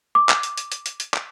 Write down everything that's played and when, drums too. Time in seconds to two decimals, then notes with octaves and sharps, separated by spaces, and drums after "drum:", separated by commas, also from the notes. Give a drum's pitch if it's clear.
0.15 D6
0.29 drum: clap
0.43 drum: hi-hat
0.57 drum: hi-hat
0.72 drum: hi-hat
0.86 drum: hi-hat
1.00 drum: hi-hat
1.14 drum: clap